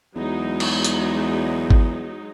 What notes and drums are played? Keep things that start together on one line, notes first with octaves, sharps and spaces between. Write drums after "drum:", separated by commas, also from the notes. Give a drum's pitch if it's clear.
E2 F#3 G#3 D#4
drum: cymbal
drum: hi-hat
drum: kick G#1